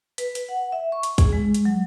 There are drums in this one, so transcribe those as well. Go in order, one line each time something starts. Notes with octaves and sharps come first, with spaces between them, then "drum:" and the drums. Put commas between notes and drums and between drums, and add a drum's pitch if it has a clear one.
B4, drum: hi-hat
drum: hi-hat
F#5
E5
C#6
drum: hi-hat
G#4, drum: kick, hi-hat
G#3
drum: hi-hat
F#3